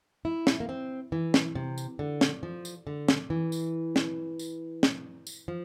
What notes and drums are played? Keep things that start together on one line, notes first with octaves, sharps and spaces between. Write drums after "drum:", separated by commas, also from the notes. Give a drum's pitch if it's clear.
E4
drum: snare
A#3
C4
E3
drum: snare
C3
drum: tambourine
D3
drum: snare
F3
drum: tambourine
D3
drum: snare
E3
drum: tambourine
drum: snare
drum: tambourine
drum: snare
drum: tambourine
F3